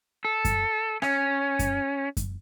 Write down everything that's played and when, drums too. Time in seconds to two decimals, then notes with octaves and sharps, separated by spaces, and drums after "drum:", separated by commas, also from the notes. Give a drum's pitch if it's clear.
0.25 A4
0.45 drum: kick F#2, hi-hat
1.02 C#4, drum: rim click
1.59 drum: kick F#2, hi-hat
2.17 drum: kick F#2, hi-hat